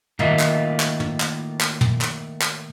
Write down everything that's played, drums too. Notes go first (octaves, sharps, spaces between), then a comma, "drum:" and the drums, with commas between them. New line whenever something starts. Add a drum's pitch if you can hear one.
A2 D#3 A#3 F4 D#5 E5, drum: tom
drum: clap
drum: clap
drum: tom
drum: clap
drum: clap
drum: tom
drum: clap
drum: clap